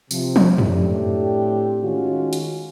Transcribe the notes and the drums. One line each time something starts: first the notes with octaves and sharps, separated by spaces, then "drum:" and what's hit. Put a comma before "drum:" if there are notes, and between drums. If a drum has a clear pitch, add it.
C3 F3, drum: tambourine
drum: tom
A2 A3 C4 D4 G4, drum: tom F#2
D#3 G#3 C#4 F4 F#4
drum: hi-hat